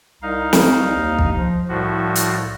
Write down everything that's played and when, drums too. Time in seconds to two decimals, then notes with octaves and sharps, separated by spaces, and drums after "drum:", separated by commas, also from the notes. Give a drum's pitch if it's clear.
0.22 C2 D#4 F5
0.53 drum: snare
0.94 D#2
1.19 drum: kick
1.35 F3
1.68 C2 A2 F3 F#4
2.15 drum: hi-hat